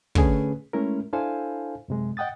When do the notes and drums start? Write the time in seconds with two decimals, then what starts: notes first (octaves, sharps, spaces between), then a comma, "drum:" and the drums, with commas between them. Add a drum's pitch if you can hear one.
0.15 D3 A3 C#4 G#4 B4, drum: kick
0.73 G#3 A3 C#4 E4 A#4
1.13 D4 E4 A4 C5 F5 G#5
1.88 F#2 C3 G#3
2.17 D#5 F#5 G5 D#6 A6